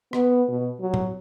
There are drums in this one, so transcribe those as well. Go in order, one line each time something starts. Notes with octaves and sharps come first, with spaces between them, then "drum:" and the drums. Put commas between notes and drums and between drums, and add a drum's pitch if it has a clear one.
B3, drum: rim click
B2
F#3
drum: tom A2